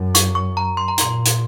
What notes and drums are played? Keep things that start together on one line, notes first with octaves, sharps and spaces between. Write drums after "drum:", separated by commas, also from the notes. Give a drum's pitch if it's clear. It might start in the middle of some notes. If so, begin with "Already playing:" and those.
Already playing: F#2
C#6, drum: hi-hat
C#6
A#5
C6
A#5
A#2 C6, drum: hi-hat
drum: hi-hat